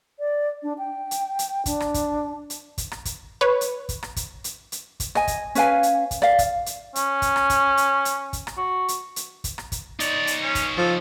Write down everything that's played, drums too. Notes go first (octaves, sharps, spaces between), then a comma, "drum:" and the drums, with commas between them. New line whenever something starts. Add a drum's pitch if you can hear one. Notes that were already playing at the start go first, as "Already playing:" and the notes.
D5
D4
G5
drum: hi-hat
drum: hi-hat
D4, drum: kick, hi-hat
drum: rim click
drum: kick, hi-hat
drum: hi-hat
drum: kick, hi-hat
drum: rim click
drum: kick, hi-hat
B4 C#5
drum: hi-hat
drum: kick, hi-hat
drum: rim click
drum: kick, hi-hat
drum: hi-hat
drum: hi-hat
drum: kick, hi-hat
D#5 G#5, drum: rim click
drum: kick, hi-hat
C#4 B4 F5 G#5, drum: hi-hat
drum: hi-hat
drum: kick, hi-hat
D5 F5, drum: rim click
drum: kick, hi-hat
drum: hi-hat
C#4, drum: hi-hat
drum: kick, hi-hat
drum: rim click
drum: kick, hi-hat
drum: hi-hat
drum: hi-hat
drum: kick, hi-hat
drum: rim click
F#4
drum: hi-hat
drum: hi-hat
drum: kick, hi-hat
drum: rim click
drum: kick, hi-hat
D#4 C#5 D5, drum: hi-hat
drum: hi-hat
C#4
drum: kick, hi-hat
F3 A4